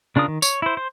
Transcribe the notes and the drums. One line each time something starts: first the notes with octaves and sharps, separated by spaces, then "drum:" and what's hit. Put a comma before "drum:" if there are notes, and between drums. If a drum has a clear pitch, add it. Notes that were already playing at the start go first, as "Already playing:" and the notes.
C#3 D4 F4 A#4 D#6
D#3
C#5, drum: tambourine
E4 C5
C5